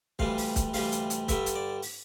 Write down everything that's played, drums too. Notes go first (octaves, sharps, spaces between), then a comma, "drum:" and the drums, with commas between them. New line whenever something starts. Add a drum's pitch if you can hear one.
D2 C3 E3 G3 F5, drum: kick
drum: open hi-hat
drum: kick, hi-hat
D2 C3 E3 G3 F5, drum: open hi-hat
drum: hi-hat
drum: hi-hat
G2 D3 G3 E5, drum: kick, hi-hat
drum: hi-hat
D5
drum: open hi-hat